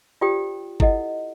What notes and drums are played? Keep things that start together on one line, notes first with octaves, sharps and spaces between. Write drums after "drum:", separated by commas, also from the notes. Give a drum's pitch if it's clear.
F4 G4 C5 D5 G5 D#6
E4 A4 D#5 F#5, drum: kick G1